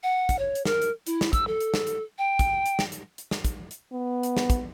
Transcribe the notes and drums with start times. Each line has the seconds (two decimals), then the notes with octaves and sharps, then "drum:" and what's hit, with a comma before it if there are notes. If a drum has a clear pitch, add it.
0.03 F#5
0.29 drum: kick, hi-hat
0.39 C#5
0.55 drum: hi-hat
0.65 A#4, drum: snare
0.82 drum: hi-hat
1.07 E4, drum: hi-hat
1.21 drum: snare
1.33 E6, drum: kick, hi-hat
1.47 A4
1.60 drum: hi-hat
1.74 drum: snare
1.87 drum: hi-hat
2.18 G5
2.39 drum: kick, hi-hat
2.66 drum: hi-hat
2.79 drum: snare
2.92 drum: hi-hat
3.18 drum: hi-hat
3.31 drum: snare
3.45 drum: kick, hi-hat
3.71 drum: hi-hat
3.92 B3
4.23 drum: hi-hat
4.37 drum: snare
4.50 drum: kick, hi-hat